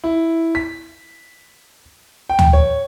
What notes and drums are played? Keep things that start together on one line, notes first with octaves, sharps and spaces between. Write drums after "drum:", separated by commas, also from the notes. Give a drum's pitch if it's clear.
E4
B6
G5
drum: tom
C#5